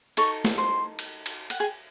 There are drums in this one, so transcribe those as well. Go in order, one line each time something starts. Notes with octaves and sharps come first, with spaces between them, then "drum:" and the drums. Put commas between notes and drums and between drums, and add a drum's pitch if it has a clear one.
D#4 A4 C#5 C#6, drum: cymbal
drum: snare
C5 C6
drum: cymbal
drum: cymbal
F#5, drum: cymbal
G#4 G#5